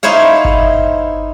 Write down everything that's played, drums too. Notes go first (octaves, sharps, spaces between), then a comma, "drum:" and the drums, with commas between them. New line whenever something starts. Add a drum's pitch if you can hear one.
D#4 E4 C5 C#5 F5
drum: kick G1